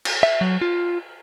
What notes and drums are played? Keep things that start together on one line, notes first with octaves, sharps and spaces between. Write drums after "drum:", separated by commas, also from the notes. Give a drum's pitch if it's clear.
drum: cymbal
E5
F#3
F4